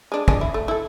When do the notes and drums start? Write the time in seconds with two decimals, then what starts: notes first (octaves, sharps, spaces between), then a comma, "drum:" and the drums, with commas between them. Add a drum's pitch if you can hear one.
0.12 G#3 D4
0.28 G#3 C#4 D4, drum: kick
0.41 E4
0.54 A3
0.68 E4 A4